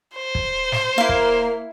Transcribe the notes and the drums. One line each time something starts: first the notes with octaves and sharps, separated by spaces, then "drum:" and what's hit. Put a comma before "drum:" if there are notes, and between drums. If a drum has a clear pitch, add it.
C5
drum: kick
drum: snare
A#3 E4 F5
drum: kick